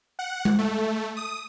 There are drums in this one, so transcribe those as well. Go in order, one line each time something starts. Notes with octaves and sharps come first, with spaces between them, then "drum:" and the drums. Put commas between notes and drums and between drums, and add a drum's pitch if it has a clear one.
F#5
drum: tom G#3
A3
D#6